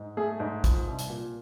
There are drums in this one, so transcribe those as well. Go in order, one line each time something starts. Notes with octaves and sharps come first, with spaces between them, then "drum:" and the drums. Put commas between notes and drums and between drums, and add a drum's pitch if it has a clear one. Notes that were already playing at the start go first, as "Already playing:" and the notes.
Already playing: G#2
A3 G#4
G#2
F3, drum: kick, hi-hat
C2
drum: hi-hat
A#2